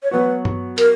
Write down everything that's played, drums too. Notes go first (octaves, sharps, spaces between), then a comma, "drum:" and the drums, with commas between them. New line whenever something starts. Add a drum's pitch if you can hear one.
C#5
F#3 B3 F#4 B4
drum: tom G2
A#4, drum: hi-hat